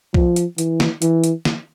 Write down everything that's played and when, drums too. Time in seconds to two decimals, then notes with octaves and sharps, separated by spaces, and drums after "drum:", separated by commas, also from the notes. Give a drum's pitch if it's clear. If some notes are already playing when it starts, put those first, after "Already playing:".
0.14 F3, drum: kick B1
0.36 drum: hi-hat
0.58 E3, drum: hi-hat
0.80 drum: snare
1.02 E3, drum: hi-hat
1.24 drum: hi-hat
1.45 drum: snare